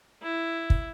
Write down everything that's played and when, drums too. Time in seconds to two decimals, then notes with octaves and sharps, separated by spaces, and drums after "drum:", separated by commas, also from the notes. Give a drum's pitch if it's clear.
0.23 E4
0.70 drum: kick